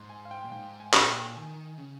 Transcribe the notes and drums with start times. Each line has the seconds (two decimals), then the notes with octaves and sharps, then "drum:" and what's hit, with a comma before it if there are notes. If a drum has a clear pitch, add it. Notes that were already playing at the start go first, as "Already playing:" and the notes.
Already playing: G#2 C6
0.10 G#5
0.25 F5
0.31 G5
0.44 A#2
0.52 G#2 G5
0.80 G#5
0.93 A#2 G#5, drum: clap
1.08 G5
1.36 D#3 G#5
1.78 C#3